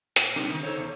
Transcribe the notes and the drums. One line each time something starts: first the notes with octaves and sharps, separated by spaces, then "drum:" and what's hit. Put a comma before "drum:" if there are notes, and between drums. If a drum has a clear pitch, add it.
A#2, drum: hi-hat
B2 G3 C4 D4 D#4 A#4
B2 D#3
D#4 A4 C5 C#5
E2 B2 C#5